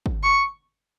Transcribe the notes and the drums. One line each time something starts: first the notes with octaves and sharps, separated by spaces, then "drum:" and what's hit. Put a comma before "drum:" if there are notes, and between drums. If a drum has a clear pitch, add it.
drum: kick
C#6